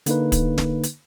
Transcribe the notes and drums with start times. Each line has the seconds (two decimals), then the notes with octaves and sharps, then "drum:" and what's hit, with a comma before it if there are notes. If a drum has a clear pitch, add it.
0.06 D3 A#3 D#4 B4, drum: hi-hat
0.32 drum: kick, hi-hat
0.58 drum: snare
0.83 drum: hi-hat